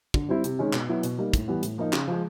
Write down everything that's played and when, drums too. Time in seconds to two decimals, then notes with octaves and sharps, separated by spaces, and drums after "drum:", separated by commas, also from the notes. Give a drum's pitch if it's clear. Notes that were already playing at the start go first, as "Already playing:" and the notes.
0.14 D3, drum: kick
0.29 G3 C4 E4
0.44 C3, drum: hi-hat
0.59 D#3 G#3 C#4
0.73 B2, drum: clap
0.88 F#3 B3 E4
1.03 B2, drum: hi-hat
1.18 G3 A#3 D#4
1.34 A2, drum: kick, hi-hat
1.48 E3 G3 B3
1.63 A2, drum: hi-hat
1.78 F3 A#3 D#4
1.93 C#3, drum: clap
2.07 F3 G#3